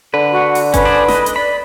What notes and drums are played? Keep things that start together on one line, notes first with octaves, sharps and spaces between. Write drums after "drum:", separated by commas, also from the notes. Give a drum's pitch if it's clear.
D3 B4
F#4
drum: open hi-hat
C#4 B4, drum: kick G1, hi-hat
G#4 C5 D5
D#5, drum: snare
drum: hi-hat
D5 B5